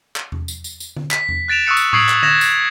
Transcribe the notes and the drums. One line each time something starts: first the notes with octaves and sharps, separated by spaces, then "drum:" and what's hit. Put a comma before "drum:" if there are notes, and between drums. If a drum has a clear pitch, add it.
drum: clap
drum: tom E2
drum: tambourine
drum: tambourine
drum: tambourine
drum: tom D3
B6, drum: clap
drum: tom E2
F#6 A6 D7 E7 F7
C#6 D#6 E6 F#6 C#7
drum: tambourine
C#6 D#6 G#6 C7 D7 F#7, drum: tom A2
drum: clap
G#6 A#6 E7 F7, drum: tom D3
drum: tambourine